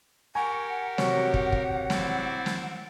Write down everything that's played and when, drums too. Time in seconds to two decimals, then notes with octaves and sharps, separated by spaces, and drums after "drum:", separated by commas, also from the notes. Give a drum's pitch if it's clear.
0.35 G4 A#4 F#5 G#5 A#5 C#6
0.98 C3 F#4 C#5, drum: snare
1.34 drum: kick
1.52 drum: kick
1.90 C4 E4 D5, drum: snare
2.46 drum: snare